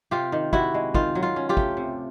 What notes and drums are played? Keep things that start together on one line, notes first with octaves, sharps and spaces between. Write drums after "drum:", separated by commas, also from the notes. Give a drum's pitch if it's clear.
C3 F4 G4
D#3
C3 E4 F#4, drum: kick
G#3
D#3 F4, drum: kick
F#3
F4
C#4
F4 G4
A3, drum: kick
C3